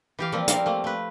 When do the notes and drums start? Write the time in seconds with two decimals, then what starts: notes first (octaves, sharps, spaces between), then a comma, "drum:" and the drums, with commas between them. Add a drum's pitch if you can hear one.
0.19 E3 G4 F5
0.33 F3 G3 A#3 C4
0.48 G3 C4 A#4 F5, drum: hi-hat
0.66 A3 A#3
0.84 A3 B4